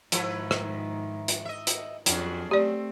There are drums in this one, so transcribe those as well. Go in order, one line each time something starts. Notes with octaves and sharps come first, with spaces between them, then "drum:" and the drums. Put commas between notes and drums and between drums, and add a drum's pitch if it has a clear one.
G#2 D#3 F3 E4 B4, drum: hi-hat
drum: rim click
drum: hi-hat
D#5 E5
drum: hi-hat
F2 F#3 C#4 D4 G#4, drum: hi-hat
A3 C4 G4 D5